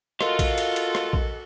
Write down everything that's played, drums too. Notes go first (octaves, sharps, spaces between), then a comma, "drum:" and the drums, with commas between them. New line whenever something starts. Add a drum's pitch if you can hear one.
F4 F#4 A4 A#4 D#5, drum: rim click
drum: kick A#1, cymbal
drum: cymbal
drum: cymbal
drum: rim click
drum: kick A#1